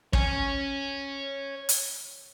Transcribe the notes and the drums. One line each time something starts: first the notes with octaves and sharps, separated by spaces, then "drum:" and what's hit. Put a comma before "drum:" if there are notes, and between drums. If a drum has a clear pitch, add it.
C#5 G#5, drum: kick
drum: hi-hat